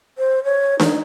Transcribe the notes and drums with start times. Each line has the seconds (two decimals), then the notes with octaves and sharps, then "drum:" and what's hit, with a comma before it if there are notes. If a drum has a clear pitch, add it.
0.18 C5
0.44 C#5
0.80 D#4, drum: snare D4